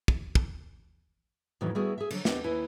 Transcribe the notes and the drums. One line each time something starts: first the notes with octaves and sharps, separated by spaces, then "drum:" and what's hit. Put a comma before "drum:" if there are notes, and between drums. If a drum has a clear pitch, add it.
drum: kick
drum: kick
F2 A2 D#3 E3 F#3
G3 A3 B3 E4 F#4 G#4
G#4 E5
D3 F#3, drum: cymbal
B3 C4 D4 G4 D#5, drum: snare
D#2 E4 B4 G#5